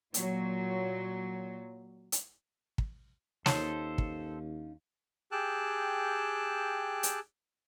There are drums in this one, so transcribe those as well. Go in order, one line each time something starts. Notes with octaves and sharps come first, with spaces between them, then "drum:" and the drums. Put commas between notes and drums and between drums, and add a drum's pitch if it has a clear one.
A#2 F#3, drum: hi-hat
drum: hi-hat
drum: kick
D#2 C#4 D#4 F4 A4 C5 C#5 A5, drum: snare
drum: kick
G4 G#4 G5 A5 E6 F#6
drum: hi-hat